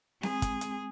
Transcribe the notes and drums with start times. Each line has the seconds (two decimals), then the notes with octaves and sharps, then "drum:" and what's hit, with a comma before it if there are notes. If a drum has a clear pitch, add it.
0.23 G#3 C4 G#4, drum: snare C4
0.42 drum: kick, hi-hat
0.61 drum: hi-hat